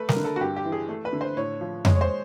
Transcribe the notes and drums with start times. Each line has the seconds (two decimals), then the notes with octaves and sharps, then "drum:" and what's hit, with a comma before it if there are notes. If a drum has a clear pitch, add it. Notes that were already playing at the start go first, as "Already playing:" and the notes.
Already playing: A3 B4
0.09 A#4, drum: snare
0.16 D3
0.24 A4
0.36 F#4
0.41 G2 G4
0.56 G4
0.65 E3
0.72 G#4
0.89 A3
1.05 B4
1.13 D3
1.21 C5
1.37 A2 C#5
1.61 F3
1.85 G#3 C#5, drum: tom F2
1.95 C#5
2.01 C5